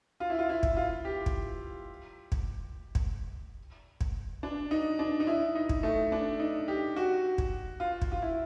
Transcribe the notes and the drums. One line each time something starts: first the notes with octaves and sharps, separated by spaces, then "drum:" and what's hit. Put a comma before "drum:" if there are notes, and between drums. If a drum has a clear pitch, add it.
F4
E4
F4
E4
drum: kick
F4
G4
drum: kick
drum: kick
drum: kick
drum: kick
D4
D#4
D4
D#4
E4
D#4
drum: kick
A3
D4
D#4
G4
F#4
drum: kick
F4
drum: kick
F4
E4